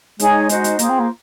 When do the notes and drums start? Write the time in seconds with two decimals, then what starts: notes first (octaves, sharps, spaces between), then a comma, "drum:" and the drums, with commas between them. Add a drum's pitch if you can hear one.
0.19 G#3 D#4 G#4 C#5 G#5, drum: hi-hat
0.49 D#4 F#4 C5 D#5, drum: hi-hat
0.64 drum: hi-hat
0.79 A#3 F4 G#4 C5, drum: hi-hat
0.89 C4
0.99 A#3